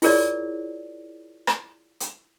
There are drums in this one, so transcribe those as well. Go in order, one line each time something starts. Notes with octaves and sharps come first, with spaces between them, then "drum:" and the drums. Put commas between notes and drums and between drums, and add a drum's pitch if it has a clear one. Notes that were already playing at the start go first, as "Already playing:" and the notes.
E4 F4 G#4 A#4 C#5 D5, drum: open hi-hat
drum: rim click
drum: hi-hat